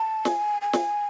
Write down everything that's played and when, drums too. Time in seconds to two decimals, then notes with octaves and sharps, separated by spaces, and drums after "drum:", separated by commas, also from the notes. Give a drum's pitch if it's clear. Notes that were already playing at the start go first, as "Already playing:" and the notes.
Already playing: A5
0.25 G#5, drum: snare
0.62 G#5
0.73 drum: snare